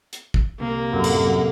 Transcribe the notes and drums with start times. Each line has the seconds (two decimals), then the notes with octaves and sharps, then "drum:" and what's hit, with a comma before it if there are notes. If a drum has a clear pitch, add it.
0.13 drum: hi-hat
0.34 drum: kick
0.60 C2 A#3
0.93 F#2 A2
1.04 drum: cymbal